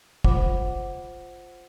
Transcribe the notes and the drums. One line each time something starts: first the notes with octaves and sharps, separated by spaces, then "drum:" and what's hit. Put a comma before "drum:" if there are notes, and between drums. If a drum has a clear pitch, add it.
F4 C5 F#5 D6, drum: kick